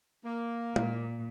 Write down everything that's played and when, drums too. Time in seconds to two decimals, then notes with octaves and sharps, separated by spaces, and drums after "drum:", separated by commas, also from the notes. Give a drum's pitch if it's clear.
0.24 A#3
0.76 A#2, drum: tom